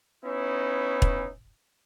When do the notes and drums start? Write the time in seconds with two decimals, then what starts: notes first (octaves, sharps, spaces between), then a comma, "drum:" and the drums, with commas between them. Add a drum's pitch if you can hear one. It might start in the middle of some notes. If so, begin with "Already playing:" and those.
0.24 B3 C#4 D#4 E4
1.02 drum: kick